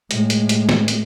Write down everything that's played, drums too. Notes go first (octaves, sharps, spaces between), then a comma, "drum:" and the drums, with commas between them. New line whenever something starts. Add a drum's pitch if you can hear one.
A2 G#3, drum: hi-hat
drum: hi-hat
drum: hi-hat
drum: snare
drum: hi-hat